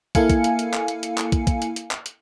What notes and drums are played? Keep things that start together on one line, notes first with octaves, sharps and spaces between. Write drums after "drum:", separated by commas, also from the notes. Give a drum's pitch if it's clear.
A#3 E4 A4 F5 G#5 C#7, drum: kick, hi-hat
drum: kick, hi-hat
drum: hi-hat
drum: hi-hat
drum: clap
drum: hi-hat
drum: hi-hat
drum: clap
drum: kick, hi-hat
drum: kick, hi-hat
drum: hi-hat
drum: hi-hat
drum: clap
drum: hi-hat